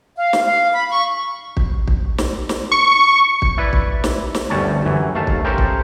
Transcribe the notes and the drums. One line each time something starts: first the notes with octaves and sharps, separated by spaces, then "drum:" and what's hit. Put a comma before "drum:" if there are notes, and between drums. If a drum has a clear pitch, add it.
F5
drum: snare
F5
B5
C#6
drum: kick
drum: kick
drum: snare
drum: snare
C#6
drum: kick
E4 B4 D5
drum: kick
drum: snare
drum: snare
G1 D2 G3 C#4 C#5 A5
F#2 E3
D#2 A3 F5 A5
drum: kick
C#4 G4 A4 A#4 C5
drum: kick